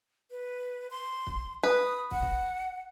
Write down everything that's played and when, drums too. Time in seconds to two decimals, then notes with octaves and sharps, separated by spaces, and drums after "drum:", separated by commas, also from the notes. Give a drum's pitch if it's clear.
0.31 B4
0.91 C6
1.27 drum: kick
1.63 B4 D#6
2.11 F#5, drum: kick
2.23 drum: kick